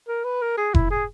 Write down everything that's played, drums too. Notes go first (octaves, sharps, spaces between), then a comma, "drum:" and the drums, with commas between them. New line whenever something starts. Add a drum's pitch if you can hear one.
A#4
B4
A#4
G#4
E4, drum: kick F1
G#4